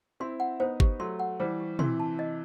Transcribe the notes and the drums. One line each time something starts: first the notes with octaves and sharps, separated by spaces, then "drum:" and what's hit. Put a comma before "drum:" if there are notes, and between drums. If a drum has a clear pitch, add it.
C4 E4 C6
F#5
B3 D#4 C5
G4, drum: kick G1
F#3 A3 C6
F#5
E3 G3 C5
G4
C3 E3 C6, drum: tom
A5
D#5